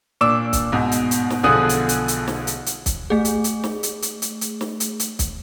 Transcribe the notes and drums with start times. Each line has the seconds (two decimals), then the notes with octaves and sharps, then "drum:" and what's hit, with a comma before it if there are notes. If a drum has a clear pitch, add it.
0.21 A#2 D4 D6 E6 E7
0.53 drum: kick, hi-hat
0.72 G#2 B2
0.92 drum: hi-hat
1.11 drum: hi-hat
1.30 drum: snare
1.43 B1 D3 F3 G#4 D#6 F#6
1.69 drum: hi-hat
1.89 drum: hi-hat
2.08 drum: hi-hat
2.28 drum: snare
2.47 drum: hi-hat
2.66 drum: hi-hat
2.86 drum: kick, hi-hat
3.10 A3 G#4
3.25 drum: hi-hat
3.44 drum: hi-hat
3.64 drum: snare
3.83 drum: hi-hat
4.02 drum: hi-hat
4.22 drum: hi-hat
4.41 drum: hi-hat
4.61 drum: snare
4.80 drum: hi-hat
5.00 drum: hi-hat
5.19 drum: kick, hi-hat